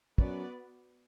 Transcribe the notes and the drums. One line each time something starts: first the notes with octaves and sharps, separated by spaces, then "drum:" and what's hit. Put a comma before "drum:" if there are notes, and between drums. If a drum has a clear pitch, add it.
F#2 B3 F#4 B4 D5, drum: kick